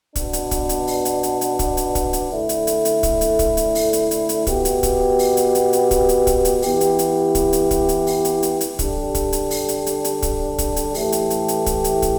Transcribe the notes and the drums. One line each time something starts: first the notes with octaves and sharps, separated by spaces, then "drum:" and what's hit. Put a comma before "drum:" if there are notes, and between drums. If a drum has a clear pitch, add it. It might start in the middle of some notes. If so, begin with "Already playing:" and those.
B2 B3 D4, drum: kick, hi-hat
drum: hi-hat
drum: kick, hi-hat
drum: hi-hat
drum: open hi-hat
drum: hi-hat
drum: hi-hat
drum: hi-hat
drum: kick, hi-hat
drum: hi-hat
drum: kick, hi-hat
drum: hi-hat
D3 A3 E4
drum: hi-hat
drum: hi-hat
drum: hi-hat
drum: kick, hi-hat
drum: hi-hat
drum: kick, hi-hat
drum: hi-hat
drum: open hi-hat
drum: hi-hat
drum: hi-hat
drum: hi-hat
B2 B3 G4, drum: kick, hi-hat
drum: hi-hat
drum: kick, hi-hat
drum: open hi-hat
drum: hi-hat
drum: hi-hat
drum: hi-hat
drum: kick, hi-hat
drum: hi-hat
drum: kick, hi-hat
drum: hi-hat
E3 B3 E4 G4, drum: open hi-hat
drum: hi-hat
drum: hi-hat
drum: kick, hi-hat
drum: hi-hat
drum: kick, hi-hat
drum: hi-hat
drum: open hi-hat
drum: hi-hat
drum: hi-hat
drum: hi-hat
D3 G3 D4 G4, drum: kick, hi-hat
drum: kick, hi-hat
drum: hi-hat
drum: open hi-hat
drum: hi-hat
drum: hi-hat
drum: hi-hat
drum: kick, hi-hat
drum: kick, hi-hat
drum: hi-hat
A2 E3 A3 G4, drum: open hi-hat
drum: hi-hat
drum: hi-hat
drum: hi-hat
drum: kick, hi-hat
drum: hi-hat
drum: kick, hi-hat